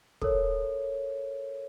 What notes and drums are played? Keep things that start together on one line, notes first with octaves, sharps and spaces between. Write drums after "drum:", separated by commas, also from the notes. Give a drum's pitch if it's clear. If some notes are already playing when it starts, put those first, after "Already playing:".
A4 A#4 C#5, drum: kick